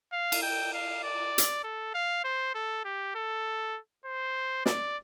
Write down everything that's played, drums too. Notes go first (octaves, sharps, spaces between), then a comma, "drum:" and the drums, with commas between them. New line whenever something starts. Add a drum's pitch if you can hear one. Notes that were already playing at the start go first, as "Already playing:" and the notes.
F5
drum: cymbal
G5
F5
D5
drum: hi-hat
A4
F5
C5
A4
G4
A4
C5
D5, drum: snare